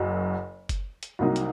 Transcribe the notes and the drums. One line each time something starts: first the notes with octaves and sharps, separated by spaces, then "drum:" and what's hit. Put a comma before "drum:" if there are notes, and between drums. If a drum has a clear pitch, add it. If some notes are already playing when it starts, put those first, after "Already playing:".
Already playing: F#1 F#2 F#3
drum: kick F#1, hi-hat
drum: hi-hat
C2 C3 F#3 A#3 D#4
drum: hi-hat